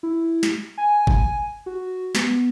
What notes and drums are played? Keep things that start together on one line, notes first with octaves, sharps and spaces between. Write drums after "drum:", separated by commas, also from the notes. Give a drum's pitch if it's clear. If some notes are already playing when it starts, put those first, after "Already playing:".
E4
drum: snare
G#5
drum: kick G1
F#4
B3, drum: snare